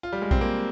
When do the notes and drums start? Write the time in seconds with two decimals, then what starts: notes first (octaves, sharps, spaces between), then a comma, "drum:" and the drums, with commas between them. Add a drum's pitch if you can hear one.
0.03 F4
0.13 G3
0.22 G#3
0.31 C4, drum: kick A#1
0.41 A#3